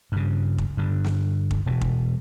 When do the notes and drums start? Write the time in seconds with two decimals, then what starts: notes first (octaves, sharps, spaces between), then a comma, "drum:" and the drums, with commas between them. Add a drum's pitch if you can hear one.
0.12 G2 C#3
0.58 drum: kick
0.77 G2 D3
1.04 drum: snare
1.51 drum: kick
1.66 E1 B2
1.81 drum: kick